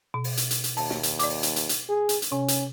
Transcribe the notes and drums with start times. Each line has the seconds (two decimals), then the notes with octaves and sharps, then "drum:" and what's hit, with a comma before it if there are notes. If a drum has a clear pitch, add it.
0.14 B2
0.24 drum: open hi-hat
0.37 drum: hi-hat
0.51 drum: hi-hat
0.64 drum: hi-hat
0.77 D#2 A5, drum: open hi-hat
0.90 drum: snare
1.03 drum: hi-hat
1.19 D5 D6, drum: hi-hat
1.30 drum: open hi-hat
1.43 drum: hi-hat
1.56 drum: hi-hat
1.69 drum: hi-hat
1.89 G#4
2.09 drum: hi-hat
2.22 drum: hi-hat
2.32 C3 C#4
2.48 drum: hi-hat